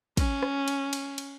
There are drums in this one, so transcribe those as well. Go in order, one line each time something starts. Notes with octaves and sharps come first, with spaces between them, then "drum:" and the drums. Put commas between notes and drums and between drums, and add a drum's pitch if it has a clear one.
C#4, drum: kick, cymbal
drum: rim click
drum: cymbal
drum: cymbal
drum: cymbal